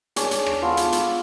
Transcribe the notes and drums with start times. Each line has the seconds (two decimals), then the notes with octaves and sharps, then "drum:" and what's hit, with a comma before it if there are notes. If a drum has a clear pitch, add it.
0.16 D4 G#4 C#5, drum: hi-hat
0.31 drum: hi-hat
0.46 drum: rim click
0.62 B3 F4 A4
0.77 drum: hi-hat
0.92 drum: hi-hat